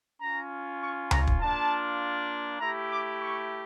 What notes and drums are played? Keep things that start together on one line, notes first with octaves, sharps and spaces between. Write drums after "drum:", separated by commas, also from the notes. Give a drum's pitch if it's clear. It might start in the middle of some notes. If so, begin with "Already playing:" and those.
C#4 F4 A#5
C#6
A#5, drum: tom C#2
drum: kick
A#3 D4 F4 A5
A3 E4 G4 A#5
D6
C#6